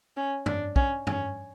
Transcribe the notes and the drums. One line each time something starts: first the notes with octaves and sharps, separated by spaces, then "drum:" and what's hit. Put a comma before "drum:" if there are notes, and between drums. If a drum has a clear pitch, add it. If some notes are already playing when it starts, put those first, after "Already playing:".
C#4
D4, drum: tom F#2
C#4, drum: kick
C#4, drum: tom F#2